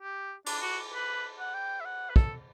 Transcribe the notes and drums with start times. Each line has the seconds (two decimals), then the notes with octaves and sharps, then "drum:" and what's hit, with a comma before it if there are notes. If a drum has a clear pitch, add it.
0.01 G4
0.46 D4, drum: cymbal
0.62 F#4
0.93 B4
1.39 F#5
1.54 G5
1.80 E5
1.85 F#5
2.09 B4
2.16 A4, drum: kick